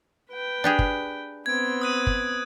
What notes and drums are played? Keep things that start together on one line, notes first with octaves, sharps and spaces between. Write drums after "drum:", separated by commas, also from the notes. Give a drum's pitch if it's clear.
B4 G5
D4 G4 G#4
drum: kick
B3 C4 G#6 D7
D#6 F#6 D#7
drum: kick